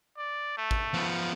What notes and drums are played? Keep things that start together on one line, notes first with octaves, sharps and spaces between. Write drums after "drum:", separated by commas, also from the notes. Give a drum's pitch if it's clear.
D5
A3
drum: kick
F3 B3